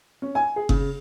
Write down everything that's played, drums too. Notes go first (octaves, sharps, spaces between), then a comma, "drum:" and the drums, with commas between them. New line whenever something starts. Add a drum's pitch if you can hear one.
C#4
G#5
G#4
C#3, drum: kick F#1